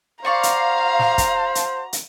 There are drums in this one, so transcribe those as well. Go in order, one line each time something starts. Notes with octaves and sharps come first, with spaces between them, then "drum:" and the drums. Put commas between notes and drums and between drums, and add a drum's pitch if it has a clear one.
F#4 C5 D5 F5 A#5 C#6
drum: hi-hat
drum: snare
drum: kick, hi-hat
drum: hi-hat
drum: hi-hat